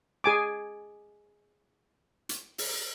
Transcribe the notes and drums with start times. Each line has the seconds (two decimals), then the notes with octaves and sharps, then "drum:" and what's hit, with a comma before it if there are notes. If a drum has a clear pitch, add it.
0.24 G#4 G#5 D6
2.29 drum: hi-hat
2.58 drum: open hi-hat